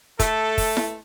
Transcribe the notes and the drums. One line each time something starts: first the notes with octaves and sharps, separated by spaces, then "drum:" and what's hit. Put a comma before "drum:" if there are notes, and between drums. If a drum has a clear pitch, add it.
A3 A4, drum: kick, hi-hat
drum: kick, open hi-hat
drum: snare E4